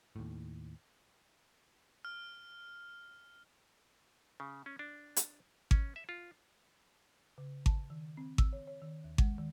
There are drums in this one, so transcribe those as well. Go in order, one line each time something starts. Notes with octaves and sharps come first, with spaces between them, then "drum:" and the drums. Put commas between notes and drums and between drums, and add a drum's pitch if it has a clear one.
D#2 A2
F6
C#3
C#4
D4
drum: hi-hat
C#4, drum: kick G#1
E5
F4
C#3
A5, drum: kick G#1
D#3
C4
E6, drum: kick G#1
C#5
C#5
D#3
D#2
G#3, drum: kick G#1
D#3